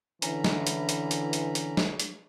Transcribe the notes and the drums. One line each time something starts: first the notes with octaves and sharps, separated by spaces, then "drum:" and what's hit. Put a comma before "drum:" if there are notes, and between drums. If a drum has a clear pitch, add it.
D3 E3 C#4 A#5 B5, drum: hi-hat
drum: snare
drum: hi-hat
drum: hi-hat
drum: hi-hat
drum: hi-hat
drum: hi-hat
drum: snare
drum: hi-hat